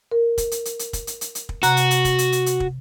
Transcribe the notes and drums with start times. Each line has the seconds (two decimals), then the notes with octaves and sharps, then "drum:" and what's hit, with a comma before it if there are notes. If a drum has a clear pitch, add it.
0.11 A#4
0.38 drum: kick, hi-hat
0.51 drum: hi-hat
0.65 drum: hi-hat
0.79 drum: hi-hat
0.93 drum: kick, hi-hat
1.07 drum: hi-hat
1.21 drum: hi-hat
1.35 drum: hi-hat
1.49 drum: kick
1.63 C3 F#4 A#5 F#6, drum: hi-hat
1.77 drum: hi-hat
1.91 drum: hi-hat
2.05 drum: kick, hi-hat
2.18 drum: hi-hat
2.32 drum: hi-hat
2.46 drum: hi-hat
2.60 drum: kick